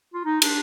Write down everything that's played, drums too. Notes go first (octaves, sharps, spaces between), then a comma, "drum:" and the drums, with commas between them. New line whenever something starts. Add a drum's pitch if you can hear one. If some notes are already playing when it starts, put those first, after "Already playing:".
F4
D#4
D4, drum: cymbal